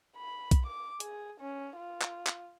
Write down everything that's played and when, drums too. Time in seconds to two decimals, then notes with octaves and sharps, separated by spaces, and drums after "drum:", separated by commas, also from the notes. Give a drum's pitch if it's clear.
0.17 B5
0.51 drum: kick B1, hi-hat
0.66 D6
1.00 G#4, drum: hi-hat
1.40 C#4
1.77 F4
2.02 drum: clap
2.27 drum: clap